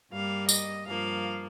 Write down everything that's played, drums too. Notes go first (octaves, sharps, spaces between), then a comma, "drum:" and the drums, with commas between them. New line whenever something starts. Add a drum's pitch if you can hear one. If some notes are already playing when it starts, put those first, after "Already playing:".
G2 G3 A#3 F5
D#5, drum: tambourine
G2 F3 A#3 F5